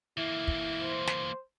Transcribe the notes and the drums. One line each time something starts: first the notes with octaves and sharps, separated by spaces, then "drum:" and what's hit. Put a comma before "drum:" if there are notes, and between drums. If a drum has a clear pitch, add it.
E3 A#3 E4
drum: kick
C5
drum: snare